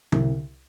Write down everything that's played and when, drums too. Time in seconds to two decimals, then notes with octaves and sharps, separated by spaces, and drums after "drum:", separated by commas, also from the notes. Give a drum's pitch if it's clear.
0.12 C2, drum: tom D3